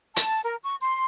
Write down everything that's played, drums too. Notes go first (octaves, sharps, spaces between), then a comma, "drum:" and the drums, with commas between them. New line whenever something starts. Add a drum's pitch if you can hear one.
A5, drum: hi-hat
A#4
C#6
C6